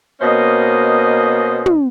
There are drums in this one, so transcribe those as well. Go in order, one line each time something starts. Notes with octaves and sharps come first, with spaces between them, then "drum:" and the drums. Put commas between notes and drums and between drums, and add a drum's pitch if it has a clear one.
B2 A#3 C#4 C5 D#5
drum: tom